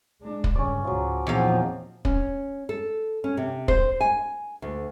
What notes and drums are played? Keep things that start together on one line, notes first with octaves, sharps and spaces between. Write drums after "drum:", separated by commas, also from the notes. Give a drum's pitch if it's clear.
G#3 D4
drum: kick
G2 C#3 C#4 D5
C#2 G#2 F3 F#3
E2 A#2 D#3 F3 C4 F5
C#4, drum: kick
A4
C#4
C3
C5, drum: kick
G#5
D2